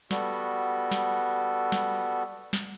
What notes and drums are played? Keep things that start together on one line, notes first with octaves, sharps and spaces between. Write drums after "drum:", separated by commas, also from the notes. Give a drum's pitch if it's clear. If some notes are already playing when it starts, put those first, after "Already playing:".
G3 B3 F#4 A4, drum: snare
drum: snare
drum: snare
drum: snare